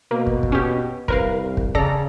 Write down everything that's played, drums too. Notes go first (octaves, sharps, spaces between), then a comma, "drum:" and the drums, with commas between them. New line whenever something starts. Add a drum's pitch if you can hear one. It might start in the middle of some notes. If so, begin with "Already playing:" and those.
B2 A#3
drum: kick
drum: kick
C#4 G4
C2 A#4 B4 F5, drum: kick
drum: kick
C#3 A4 D5 A#5, drum: kick